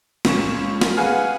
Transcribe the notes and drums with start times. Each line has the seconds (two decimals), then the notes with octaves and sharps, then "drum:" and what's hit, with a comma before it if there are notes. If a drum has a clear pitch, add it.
0.25 C#2 A#2 C#4 C#6 E7, drum: snare
0.81 drum: snare
0.97 G#4 B4 F5 F#5 G#5 F6